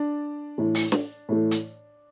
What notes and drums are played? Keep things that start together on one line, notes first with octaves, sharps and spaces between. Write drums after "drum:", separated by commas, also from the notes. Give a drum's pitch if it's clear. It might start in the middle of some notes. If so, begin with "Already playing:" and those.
Already playing: D4 D5
A2 E3 A3
drum: open hi-hat
drum: snare
A2 E3 A3
drum: hi-hat